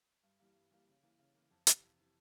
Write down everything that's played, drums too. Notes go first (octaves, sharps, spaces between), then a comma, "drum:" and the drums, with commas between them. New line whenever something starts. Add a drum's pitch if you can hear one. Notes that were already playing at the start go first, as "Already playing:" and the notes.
G2
E3 G3 A#3
G2
E3 G3 A#3
C#3
E3 A#3
C#3
E3 A#3
F2
C3 E3, drum: hi-hat
F2
C3 E3